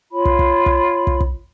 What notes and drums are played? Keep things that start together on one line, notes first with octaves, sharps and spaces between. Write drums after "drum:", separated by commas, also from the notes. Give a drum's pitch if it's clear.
F4 C#5 B5
drum: kick
drum: kick
drum: kick
drum: kick
drum: kick